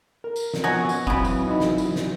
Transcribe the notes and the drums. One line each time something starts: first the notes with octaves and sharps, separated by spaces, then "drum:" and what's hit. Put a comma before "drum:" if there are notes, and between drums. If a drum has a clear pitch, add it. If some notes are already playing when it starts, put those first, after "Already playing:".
A#4
drum: tambourine
drum: snare
B2 F3 F#4 C#5 G#5
drum: tambourine
C#3 E3 F#3 B3 C4 B5, drum: kick F#1
drum: tambourine
D#4 D#5 B5
drum: snare
drum: tambourine
drum: snare